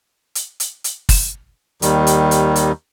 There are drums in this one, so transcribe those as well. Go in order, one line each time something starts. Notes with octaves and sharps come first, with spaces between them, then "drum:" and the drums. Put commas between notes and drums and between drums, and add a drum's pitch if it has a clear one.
drum: hi-hat
drum: hi-hat
drum: hi-hat
drum: kick, open hi-hat
D#2 D#3 G3, drum: hi-hat
drum: hi-hat
drum: hi-hat
drum: hi-hat